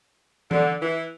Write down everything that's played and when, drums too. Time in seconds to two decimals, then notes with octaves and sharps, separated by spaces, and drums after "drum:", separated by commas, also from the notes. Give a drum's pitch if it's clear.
0.51 D3, drum: tom E3
0.81 E3